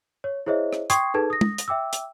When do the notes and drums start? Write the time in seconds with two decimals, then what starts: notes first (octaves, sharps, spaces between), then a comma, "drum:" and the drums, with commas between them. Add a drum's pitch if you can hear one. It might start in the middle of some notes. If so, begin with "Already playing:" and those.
0.24 C#5
0.46 E4 G#4 C5 C#5 D#5 E5
0.73 drum: rim click
0.90 G5 C6 C#6 D#6 G#6 C7, drum: hi-hat
1.14 D#4 G#4 A4 B4 A5 G#6
1.30 D#6 A#6
1.41 drum: tom
1.58 drum: hi-hat
1.68 E5 G5 D6 E6
1.93 drum: hi-hat